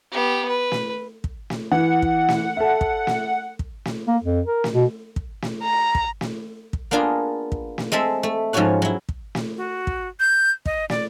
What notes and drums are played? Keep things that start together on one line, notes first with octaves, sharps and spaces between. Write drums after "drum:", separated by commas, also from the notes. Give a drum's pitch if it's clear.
B3 G4
B4
drum: snare
drum: kick
drum: snare
E3 F#5
drum: kick
drum: snare
A4 E5
drum: kick
drum: snare
drum: kick
drum: snare
A#3
F2
A#4
drum: snare
B2
drum: kick
drum: snare
A#5
drum: kick
drum: snare
drum: kick
A#3 B3 D4 F4 G#4
drum: kick
drum: snare
G#3 C4 A4 E5
A3
G#2 F3 C#4 F#4 C#5 F#5
F#3 E4
drum: kick
drum: snare
F#4
drum: kick
G6
D#5, drum: kick
D5, drum: snare